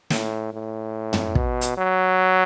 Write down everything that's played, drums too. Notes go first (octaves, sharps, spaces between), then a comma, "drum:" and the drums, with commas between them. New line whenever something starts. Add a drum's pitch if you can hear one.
A2, drum: snare
A2
drum: tom
B2, drum: kick
drum: hi-hat
F#3